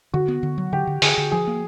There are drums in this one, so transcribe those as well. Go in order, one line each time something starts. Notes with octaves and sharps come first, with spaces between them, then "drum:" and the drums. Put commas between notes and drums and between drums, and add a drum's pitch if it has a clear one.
D3 F#4
B3
D3
F#3
D3 G4
D3
D3 G#4, drum: open hi-hat
D3
F3 G#4
A#3